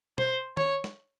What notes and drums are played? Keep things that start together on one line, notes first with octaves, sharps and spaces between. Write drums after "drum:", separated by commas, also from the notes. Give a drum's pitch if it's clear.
C5, drum: tom
C#5, drum: tom
drum: snare